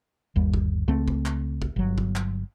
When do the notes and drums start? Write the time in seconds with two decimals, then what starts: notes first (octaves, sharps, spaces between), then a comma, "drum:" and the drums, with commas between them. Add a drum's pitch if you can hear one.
0.36 G1 D#2 G3
0.54 drum: kick
0.88 C#2 A3 C4
1.08 drum: kick
1.26 drum: clap
1.62 drum: kick
1.76 G1 F#3
1.98 drum: kick
2.16 drum: clap